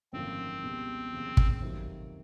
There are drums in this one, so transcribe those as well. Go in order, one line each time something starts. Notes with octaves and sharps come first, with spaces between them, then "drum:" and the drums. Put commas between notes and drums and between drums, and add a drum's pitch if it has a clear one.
G#1 F#2 D3 F3 A#3 C4
C#2 B2 G3
D#2 C#3 F3
drum: kick
F2 C3 D#3 F#3